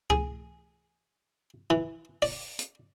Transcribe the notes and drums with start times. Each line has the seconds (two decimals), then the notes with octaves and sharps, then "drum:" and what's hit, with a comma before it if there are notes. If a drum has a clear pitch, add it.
0.10 G#4, drum: kick C#2
1.70 E3
2.22 D5, drum: open hi-hat
2.59 drum: hi-hat